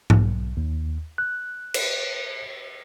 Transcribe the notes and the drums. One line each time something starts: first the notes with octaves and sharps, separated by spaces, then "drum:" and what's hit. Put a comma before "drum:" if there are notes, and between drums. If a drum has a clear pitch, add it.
B1, drum: tom G#2
D#2
F#6
drum: cymbal